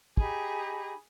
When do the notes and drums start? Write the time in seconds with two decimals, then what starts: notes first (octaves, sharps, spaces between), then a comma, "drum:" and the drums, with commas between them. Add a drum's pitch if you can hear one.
0.17 D#4 G4 G#4 B5, drum: kick